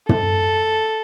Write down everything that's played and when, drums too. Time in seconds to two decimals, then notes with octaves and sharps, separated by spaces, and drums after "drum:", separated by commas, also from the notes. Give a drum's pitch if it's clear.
0.09 A4, drum: tom